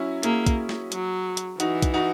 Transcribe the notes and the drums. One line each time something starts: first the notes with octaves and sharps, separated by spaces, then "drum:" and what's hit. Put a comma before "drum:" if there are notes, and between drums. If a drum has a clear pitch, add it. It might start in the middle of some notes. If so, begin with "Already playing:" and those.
Already playing: F#3 C#4 E4
A#3 E4 G#4, drum: hi-hat
drum: kick, hi-hat
drum: snare
F#3, drum: hi-hat
drum: hi-hat
E3 D#4 F#4, drum: hi-hat
drum: kick, hi-hat
D#4 F#4